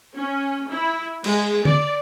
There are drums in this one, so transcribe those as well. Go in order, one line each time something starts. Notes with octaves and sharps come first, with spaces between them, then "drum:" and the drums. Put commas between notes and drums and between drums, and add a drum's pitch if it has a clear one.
C#4
E4
G#3, drum: cymbal
D5, drum: tom D3